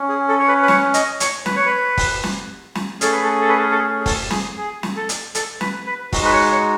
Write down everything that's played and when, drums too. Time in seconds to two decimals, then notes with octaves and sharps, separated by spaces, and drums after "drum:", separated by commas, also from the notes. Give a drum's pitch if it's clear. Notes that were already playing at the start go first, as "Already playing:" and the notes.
Already playing: C#4
0.09 G#4
0.28 A4
0.39 C#5
0.48 B4
0.63 B4
0.68 C#5, drum: snare
0.94 D#5, drum: hi-hat
1.20 C#5, drum: hi-hat
1.46 B4, drum: snare
1.56 C#5
1.66 B4
1.98 drum: kick, open hi-hat
2.23 drum: snare
2.75 drum: snare
3.01 A3 C#4 G#4 A4, drum: hi-hat
3.12 B4
3.23 A4
3.41 A4
3.49 B4
3.58 A4
3.71 A4
3.79 G#4
4.00 G#4
4.06 A4, drum: kick, open hi-hat
4.31 G#4, drum: snare
4.57 G#4
4.83 drum: snare
4.96 A4
5.09 drum: hi-hat
5.35 A4, drum: hi-hat
5.61 B4, drum: snare
5.86 B4
6.13 G#3 D#4 F#4, drum: kick, open hi-hat
6.24 B4
6.32 C#5
6.52 C#5